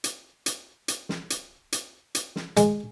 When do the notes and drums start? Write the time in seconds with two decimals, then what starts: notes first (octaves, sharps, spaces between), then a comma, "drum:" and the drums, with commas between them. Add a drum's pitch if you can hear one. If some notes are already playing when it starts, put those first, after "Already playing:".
0.04 drum: hi-hat
0.46 drum: hi-hat
0.88 drum: hi-hat
1.09 drum: snare
1.30 drum: hi-hat
1.72 drum: hi-hat
2.15 drum: hi-hat
2.36 drum: snare
2.57 G#3, drum: hi-hat